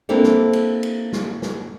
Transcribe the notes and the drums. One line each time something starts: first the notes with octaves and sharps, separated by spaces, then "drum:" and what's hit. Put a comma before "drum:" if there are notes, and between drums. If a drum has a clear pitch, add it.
A#3 C4 D4 E4 G4 A4
drum: snare
drum: cymbal
drum: cymbal
drum: snare
drum: snare